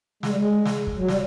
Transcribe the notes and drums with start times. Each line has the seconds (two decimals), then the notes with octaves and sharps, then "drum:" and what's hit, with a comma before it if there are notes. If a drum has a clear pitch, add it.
0.23 G#3, drum: snare
0.30 G3
0.37 G#3
0.65 drum: snare
0.87 drum: kick
0.97 F#3
1.08 G3, drum: snare